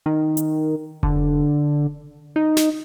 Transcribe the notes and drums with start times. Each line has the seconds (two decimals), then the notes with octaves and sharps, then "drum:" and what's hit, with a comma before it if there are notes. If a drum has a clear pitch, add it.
0.06 D#3
0.37 drum: hi-hat
1.03 D3, drum: kick F1
2.36 D#4
2.57 drum: snare